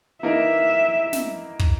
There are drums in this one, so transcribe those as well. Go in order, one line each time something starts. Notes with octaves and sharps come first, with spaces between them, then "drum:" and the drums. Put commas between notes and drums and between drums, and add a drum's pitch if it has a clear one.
E3 A#3 D#4 A#4 E5
drum: snare
drum: kick